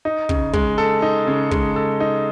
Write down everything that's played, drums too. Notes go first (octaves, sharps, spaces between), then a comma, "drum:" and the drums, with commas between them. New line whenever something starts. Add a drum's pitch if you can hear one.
D#4
C#3, drum: kick
G#3, drum: kick
A4
D#4
C#3
G#3, drum: kick
A4
D#4